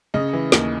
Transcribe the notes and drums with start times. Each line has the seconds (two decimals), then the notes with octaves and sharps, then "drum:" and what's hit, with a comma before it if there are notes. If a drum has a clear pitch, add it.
0.14 C#3 D#5
0.33 E3
0.52 D#2, drum: snare